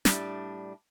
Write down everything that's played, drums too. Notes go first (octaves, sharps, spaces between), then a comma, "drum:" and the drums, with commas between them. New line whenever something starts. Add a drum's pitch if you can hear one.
A2 G3 D4, drum: snare